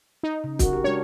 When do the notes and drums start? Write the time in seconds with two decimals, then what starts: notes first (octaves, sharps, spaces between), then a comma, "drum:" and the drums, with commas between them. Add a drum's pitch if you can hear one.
0.23 D#4
0.44 C#3
0.59 F#4 A#4, drum: kick, hi-hat
0.73 G4 A#4
0.84 G#3 D4 C#5